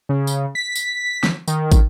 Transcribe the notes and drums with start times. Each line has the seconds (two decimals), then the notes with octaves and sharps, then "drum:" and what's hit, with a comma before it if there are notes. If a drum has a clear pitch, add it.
0.09 C#3
0.27 drum: tambourine
0.55 B6
0.75 drum: tambourine
1.23 drum: snare
1.48 D#3, drum: tambourine
1.72 drum: kick, tambourine